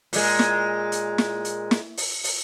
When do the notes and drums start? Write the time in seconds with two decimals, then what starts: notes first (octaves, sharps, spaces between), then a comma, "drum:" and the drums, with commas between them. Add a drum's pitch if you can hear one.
0.13 A#2 G#3, drum: open hi-hat
0.39 drum: snare
0.92 drum: hi-hat
1.18 drum: snare
1.45 drum: hi-hat
1.71 drum: snare
1.97 drum: open hi-hat
2.24 drum: open hi-hat